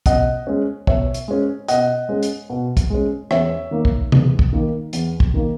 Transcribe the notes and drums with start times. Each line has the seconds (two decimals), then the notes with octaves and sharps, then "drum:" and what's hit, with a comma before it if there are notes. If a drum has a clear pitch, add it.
0.06 B2 D#5 F#5, drum: kick, hi-hat
0.47 G#3 C#4
0.87 B2 C#5 E5, drum: kick
1.14 drum: hi-hat
1.28 G#3 C#4
1.68 B2 D#5 F#5, drum: hi-hat
2.09 G#3 C#4
2.23 drum: hi-hat
2.50 B2
2.77 drum: kick, hi-hat
2.90 G#3 C#4
3.31 E2 C#5 E5, drum: rim click
3.71 D#3 A#3
3.85 drum: kick
4.12 E2, drum: tom C3
4.39 drum: kick
4.53 D#3 A#3
4.93 E2, drum: hi-hat
5.20 drum: kick
5.34 D#3 A#3